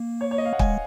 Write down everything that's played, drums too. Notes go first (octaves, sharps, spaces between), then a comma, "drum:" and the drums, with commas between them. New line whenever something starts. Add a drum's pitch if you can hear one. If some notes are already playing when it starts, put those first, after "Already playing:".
Already playing: A#3
C#5
C#5
D#5
F5
F#5
G#3 G#5, drum: kick